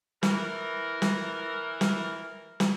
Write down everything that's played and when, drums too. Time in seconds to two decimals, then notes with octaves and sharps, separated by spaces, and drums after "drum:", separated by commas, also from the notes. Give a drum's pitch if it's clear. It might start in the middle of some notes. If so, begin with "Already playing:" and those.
0.23 E3 A#4, drum: snare
1.02 drum: snare
1.81 drum: snare
2.60 drum: snare